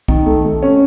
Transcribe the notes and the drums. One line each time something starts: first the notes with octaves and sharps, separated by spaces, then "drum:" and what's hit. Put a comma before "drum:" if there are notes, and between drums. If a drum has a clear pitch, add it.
D#3, drum: kick
A3
A3
C#4